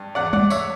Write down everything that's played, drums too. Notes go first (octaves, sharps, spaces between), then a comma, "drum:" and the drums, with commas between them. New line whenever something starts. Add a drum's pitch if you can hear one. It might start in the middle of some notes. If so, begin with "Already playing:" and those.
Already playing: G2
E2 D5 F#5
D5 F#5, drum: tom G3
C#5 E5, drum: tambourine